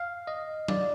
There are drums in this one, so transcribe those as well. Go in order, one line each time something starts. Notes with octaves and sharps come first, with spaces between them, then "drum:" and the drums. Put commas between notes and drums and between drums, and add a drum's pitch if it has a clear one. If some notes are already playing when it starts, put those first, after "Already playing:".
Already playing: F5
D#5
D5, drum: tom F#3